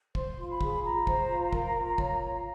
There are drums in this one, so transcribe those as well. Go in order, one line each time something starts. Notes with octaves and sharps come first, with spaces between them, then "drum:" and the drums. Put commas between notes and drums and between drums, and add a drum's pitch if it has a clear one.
C5 C6, drum: kick
F4 C6
B5
G#4, drum: kick
F4 A#5
C5, drum: kick
F4
A#4, drum: kick
F4
C#5, drum: kick
F4